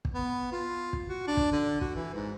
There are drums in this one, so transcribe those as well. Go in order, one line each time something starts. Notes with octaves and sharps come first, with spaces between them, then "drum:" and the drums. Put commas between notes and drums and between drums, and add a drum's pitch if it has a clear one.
drum: kick
B3
F4
drum: kick
F#4
D4
drum: kick
D3
F#4, drum: kick
E3
G#2